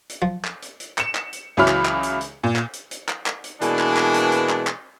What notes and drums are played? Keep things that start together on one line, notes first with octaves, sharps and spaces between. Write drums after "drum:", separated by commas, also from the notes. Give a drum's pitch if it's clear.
drum: hi-hat
F3
drum: clap
drum: hi-hat
drum: hi-hat
C#7 E7, drum: clap
drum: clap
drum: hi-hat
C#2 E3 F#3 E5 B5 F6
drum: clap
drum: clap
drum: hi-hat
drum: hi-hat
A#2
drum: clap
drum: hi-hat
drum: hi-hat
drum: clap
drum: clap
drum: hi-hat
B2 E3 G#3 A#3 D4, drum: hi-hat
drum: clap
drum: clap
drum: hi-hat
drum: hi-hat
drum: clap
drum: clap